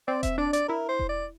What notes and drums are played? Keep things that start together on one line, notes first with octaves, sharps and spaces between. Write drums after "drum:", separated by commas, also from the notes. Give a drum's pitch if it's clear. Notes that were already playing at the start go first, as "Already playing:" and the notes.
C4 D5
E5, drum: kick E1, hi-hat
D4 D5
D5, drum: hi-hat
E4 A#4
C5
drum: kick E1
D5